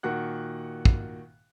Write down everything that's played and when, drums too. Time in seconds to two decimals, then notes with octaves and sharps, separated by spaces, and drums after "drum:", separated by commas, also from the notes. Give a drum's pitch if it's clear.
0.03 A#2 D#3 F#4 F#5 F#6
0.85 drum: kick